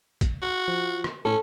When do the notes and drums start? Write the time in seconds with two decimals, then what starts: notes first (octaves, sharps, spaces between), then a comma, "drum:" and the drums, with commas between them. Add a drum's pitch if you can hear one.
0.21 drum: kick, hi-hat
0.42 F#4
0.68 F3
1.04 drum: rim click
1.25 A2 C#4 A4